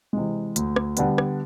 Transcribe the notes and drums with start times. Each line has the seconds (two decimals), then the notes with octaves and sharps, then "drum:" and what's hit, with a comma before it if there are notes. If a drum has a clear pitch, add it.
0.13 C3 E3 G#3
0.56 D2, drum: hi-hat
0.76 drum: rim click
0.97 D3 G3 B3, drum: hi-hat
1.18 drum: rim click